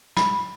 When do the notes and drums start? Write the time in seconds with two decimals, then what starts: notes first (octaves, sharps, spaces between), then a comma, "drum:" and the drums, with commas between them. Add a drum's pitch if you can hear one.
0.17 B5, drum: snare